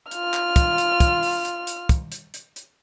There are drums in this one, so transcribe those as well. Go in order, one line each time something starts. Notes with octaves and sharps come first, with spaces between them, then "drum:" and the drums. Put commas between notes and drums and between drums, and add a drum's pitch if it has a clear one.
F4 F6, drum: hi-hat
drum: clap
drum: kick, hi-hat
drum: hi-hat
drum: kick, hi-hat
drum: open hi-hat
drum: hi-hat
drum: hi-hat
drum: kick, hi-hat
drum: hi-hat
drum: hi-hat
drum: hi-hat